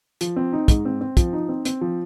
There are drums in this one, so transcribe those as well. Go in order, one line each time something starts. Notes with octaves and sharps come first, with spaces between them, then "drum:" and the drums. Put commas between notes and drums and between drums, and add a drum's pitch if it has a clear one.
F3, drum: hi-hat
C4
D#4
G#2, drum: kick, hi-hat
C4
C4
F3, drum: kick, hi-hat
D#4
C4
C4, drum: hi-hat
F3